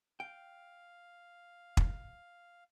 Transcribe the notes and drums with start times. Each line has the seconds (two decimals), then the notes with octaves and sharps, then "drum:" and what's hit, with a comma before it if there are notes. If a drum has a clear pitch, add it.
0.20 F5 G5
1.77 drum: kick